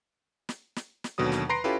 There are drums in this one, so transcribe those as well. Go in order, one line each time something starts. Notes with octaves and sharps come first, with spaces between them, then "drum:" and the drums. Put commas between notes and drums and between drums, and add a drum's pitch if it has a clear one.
drum: snare
drum: snare
drum: snare
D#2 B2 D3 F#3 D#6
drum: snare
B4 A#5 C6 A#6 C7 D7
C#4 E4 F4 G4 A4 B4